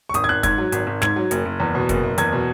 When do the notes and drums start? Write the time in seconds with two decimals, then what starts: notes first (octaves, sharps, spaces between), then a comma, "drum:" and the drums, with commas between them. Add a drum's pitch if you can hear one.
0.09 C#6
0.14 G#1 D#6, drum: hi-hat
0.24 G#6
0.29 G#1 F#6
0.43 G#2 G#6, drum: kick, hi-hat
0.58 F#3
0.72 G#1, drum: hi-hat
0.87 G#1
1.02 G#2 G#6, drum: snare
1.16 F#3
1.31 F#1, drum: hi-hat
1.45 F#1
1.60 E2
1.75 B2
1.89 F#1, drum: kick, hi-hat
2.03 F#1
2.18 E2 G#6, drum: hi-hat
2.33 B2